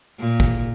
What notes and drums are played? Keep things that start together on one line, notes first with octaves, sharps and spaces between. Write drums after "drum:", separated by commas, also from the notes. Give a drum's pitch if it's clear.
A#2
drum: kick